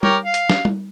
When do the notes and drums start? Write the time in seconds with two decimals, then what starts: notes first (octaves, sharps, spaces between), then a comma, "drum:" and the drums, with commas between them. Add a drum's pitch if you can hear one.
0.03 G4 A#4 C#5, drum: tom G3
0.24 F5
0.34 drum: hi-hat
0.50 drum: snare
0.65 drum: tom G3